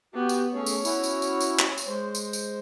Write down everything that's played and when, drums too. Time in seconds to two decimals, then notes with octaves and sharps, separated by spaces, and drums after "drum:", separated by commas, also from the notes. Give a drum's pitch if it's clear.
0.15 B3 F#4 G4 G5
0.29 drum: tambourine
0.54 A3 C#4 G#4 C#5
0.66 drum: tambourine
0.85 C#4 E4 F#4, drum: tambourine
1.03 drum: tambourine
1.22 drum: tambourine
1.41 drum: tambourine
1.59 drum: clap
1.78 drum: tambourine
1.87 G#3 C5
2.15 drum: tambourine
2.33 drum: tambourine